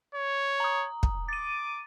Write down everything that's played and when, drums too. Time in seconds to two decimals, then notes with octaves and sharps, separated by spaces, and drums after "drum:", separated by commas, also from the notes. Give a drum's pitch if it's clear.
0.15 C#5
0.60 A#5 D#6
1.03 drum: kick
1.28 D6 A6 D#7